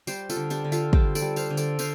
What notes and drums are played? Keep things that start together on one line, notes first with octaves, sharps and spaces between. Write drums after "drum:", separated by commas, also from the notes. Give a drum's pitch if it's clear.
G3 G4 C5, drum: tambourine
F4 A4, drum: tambourine
D3
D4 G4, drum: tambourine
D3
F4 A4, drum: tambourine
G3 G4 C5, drum: kick
A4 D5, drum: tambourine
G3
C5 F5, drum: tambourine
D3
A4 D5, drum: tambourine
D3 C5 F5, drum: tambourine